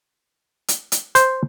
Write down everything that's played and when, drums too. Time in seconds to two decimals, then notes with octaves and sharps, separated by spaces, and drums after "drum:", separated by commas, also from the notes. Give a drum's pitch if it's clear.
0.68 drum: hi-hat
0.92 drum: hi-hat
1.15 C5, drum: hi-hat